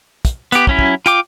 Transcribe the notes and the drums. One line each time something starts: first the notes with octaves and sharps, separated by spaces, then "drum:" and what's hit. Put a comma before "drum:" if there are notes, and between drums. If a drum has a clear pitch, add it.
drum: kick, hi-hat
B3 G4, drum: hi-hat
F#3 C#4 E4, drum: kick
drum: kick
F4 G5 D6, drum: hi-hat